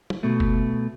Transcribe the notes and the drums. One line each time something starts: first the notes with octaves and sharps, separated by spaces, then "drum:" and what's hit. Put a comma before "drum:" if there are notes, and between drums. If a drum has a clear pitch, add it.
drum: tom
B2 A3
drum: kick